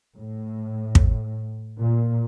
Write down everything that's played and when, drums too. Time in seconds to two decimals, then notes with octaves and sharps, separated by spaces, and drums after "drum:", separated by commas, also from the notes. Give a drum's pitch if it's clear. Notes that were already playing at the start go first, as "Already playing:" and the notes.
0.16 A2
0.95 drum: kick
1.80 A#2